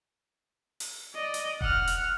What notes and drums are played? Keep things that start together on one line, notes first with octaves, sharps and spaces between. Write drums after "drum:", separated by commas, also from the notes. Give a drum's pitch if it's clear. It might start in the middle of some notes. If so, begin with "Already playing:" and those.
drum: open hi-hat
D5 D#5
drum: hi-hat
F#5 F6, drum: kick E1
drum: hi-hat